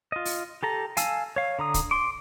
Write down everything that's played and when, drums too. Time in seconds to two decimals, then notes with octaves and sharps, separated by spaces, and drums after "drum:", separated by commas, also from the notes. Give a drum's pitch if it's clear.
0.12 F4 D#5
0.25 drum: open hi-hat
0.63 G4 A4 A#5
0.97 F5 G#5 A5 E6, drum: hi-hat
1.36 C#5 F5
1.59 D3 A#5 D#6
1.74 drum: kick, hi-hat
1.91 C6 D6